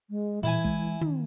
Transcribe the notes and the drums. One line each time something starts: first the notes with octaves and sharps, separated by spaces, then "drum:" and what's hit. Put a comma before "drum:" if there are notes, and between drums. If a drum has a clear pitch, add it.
G#3
A#2 E3 E4 G#5
G#3, drum: kick
D#3, drum: tom